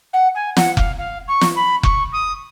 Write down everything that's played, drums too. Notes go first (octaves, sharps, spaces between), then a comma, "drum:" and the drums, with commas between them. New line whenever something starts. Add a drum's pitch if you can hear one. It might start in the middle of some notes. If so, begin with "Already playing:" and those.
F#5
G#5
F#5, drum: snare
F5, drum: kick F1
F5
C#6
drum: snare
B5
C#6, drum: kick F1
D#6